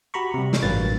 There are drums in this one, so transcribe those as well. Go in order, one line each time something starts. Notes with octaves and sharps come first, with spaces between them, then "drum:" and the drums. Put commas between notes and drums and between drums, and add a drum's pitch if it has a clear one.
F#4 G4 A#5 B5 C#6
C3 G3
drum: snare
A1 G2 F#3 A#3 B4 A6